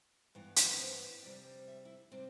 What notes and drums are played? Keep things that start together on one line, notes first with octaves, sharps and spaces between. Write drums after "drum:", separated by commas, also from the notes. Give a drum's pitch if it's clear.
G2 E3 B3
drum: hi-hat
B4
C4 C5
F2 C3 G3 C4 D4 D5
E5
E4 E5
C3 G3 C4 D4 D5